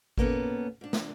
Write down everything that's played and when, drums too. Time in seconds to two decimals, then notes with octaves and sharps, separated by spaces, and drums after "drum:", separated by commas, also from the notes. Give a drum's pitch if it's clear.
0.18 A#2 A#3 B3 C#4 A4, drum: kick G#1
0.81 G#2 D4
0.93 drum: snare